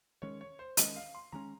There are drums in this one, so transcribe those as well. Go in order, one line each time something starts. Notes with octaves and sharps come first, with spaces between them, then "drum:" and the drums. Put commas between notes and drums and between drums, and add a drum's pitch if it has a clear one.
D#3 G#3 C#4 C#5
C#5
C5
D#3 G#3 C#4 D#5, drum: hi-hat
F5
C6
D#3 G#3 C#4 A#5